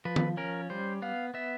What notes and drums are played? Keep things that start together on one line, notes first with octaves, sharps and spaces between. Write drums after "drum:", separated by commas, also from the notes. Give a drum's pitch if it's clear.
F3 B4
drum: tom D#3
C#4 A#4
G3 C5
B3 F5
B3 E5